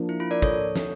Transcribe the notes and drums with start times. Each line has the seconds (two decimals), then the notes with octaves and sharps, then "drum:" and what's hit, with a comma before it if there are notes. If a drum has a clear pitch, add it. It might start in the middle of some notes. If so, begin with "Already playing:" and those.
Already playing: F3 A#3 D4
0.09 E4
0.20 F4
0.31 A#4 D5
0.42 A4 C#5, drum: kick
0.76 drum: snare